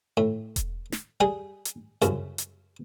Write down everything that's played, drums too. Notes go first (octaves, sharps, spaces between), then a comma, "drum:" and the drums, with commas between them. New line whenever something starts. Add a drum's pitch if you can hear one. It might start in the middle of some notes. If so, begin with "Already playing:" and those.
A2
drum: kick E1, hi-hat
drum: snare
G3 G#4 G#5
drum: hi-hat
C2 F#2 C#3, drum: hi-hat
drum: hi-hat